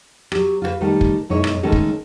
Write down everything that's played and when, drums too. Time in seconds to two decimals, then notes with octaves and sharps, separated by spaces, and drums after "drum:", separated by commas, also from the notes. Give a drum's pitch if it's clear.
0.32 F#3 G4, drum: rim click
0.62 F4 F#4 B4
0.81 D#3 G3 A3
1.01 drum: kick
1.29 F#2 B2 G#3 D#4 E4 C#5
1.44 drum: rim click
1.63 D#3 G#3 A3 C#4 A4
1.72 drum: kick